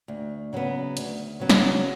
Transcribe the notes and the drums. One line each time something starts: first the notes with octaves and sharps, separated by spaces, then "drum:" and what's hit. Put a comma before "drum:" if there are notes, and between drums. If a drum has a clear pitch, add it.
D2
C#3 F#3 B3
D2, drum: hi-hat
C#3 F#3 B3
drum: snare